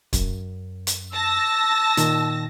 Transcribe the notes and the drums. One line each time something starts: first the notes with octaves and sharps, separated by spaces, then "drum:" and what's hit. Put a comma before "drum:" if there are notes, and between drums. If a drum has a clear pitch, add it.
F#2, drum: kick, hi-hat
drum: hi-hat
A5 E6 A#6
A#2 D#3, drum: hi-hat